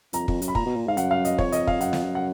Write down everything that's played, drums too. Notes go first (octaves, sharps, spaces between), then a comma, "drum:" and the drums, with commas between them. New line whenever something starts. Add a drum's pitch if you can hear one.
F2 A#5, drum: hi-hat
F2, drum: kick
F#2, drum: hi-hat
B5
A#2 A#5, drum: kick
B2
A#2
G#2 F5
F#2 F#5, drum: hi-hat
F5
D#5, drum: hi-hat
F2 C#5, drum: kick
D#5, drum: hi-hat
F5, drum: kick
F#2 F#5, drum: hi-hat
F2, drum: snare
F#2
F#5